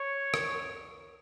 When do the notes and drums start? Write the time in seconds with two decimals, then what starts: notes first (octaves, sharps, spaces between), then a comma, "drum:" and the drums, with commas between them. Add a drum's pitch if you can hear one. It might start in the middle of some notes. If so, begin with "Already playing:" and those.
Already playing: C#5
0.34 drum: rim click